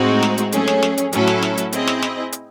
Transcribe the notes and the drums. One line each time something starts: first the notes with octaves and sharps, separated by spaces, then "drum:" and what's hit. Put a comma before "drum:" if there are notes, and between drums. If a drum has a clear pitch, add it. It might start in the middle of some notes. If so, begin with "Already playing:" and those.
Already playing: A2 G#3 C4 D#4 F#4
drum: snare
drum: hi-hat
F#3 A3 C#4 G#4, drum: hi-hat
drum: snare
drum: snare
drum: hi-hat
A2 F#3 C#4 E4 A4, drum: hi-hat
drum: snare
drum: snare
drum: hi-hat
C4 E4 G#4 D#5, drum: hi-hat
drum: snare
drum: snare
drum: hi-hat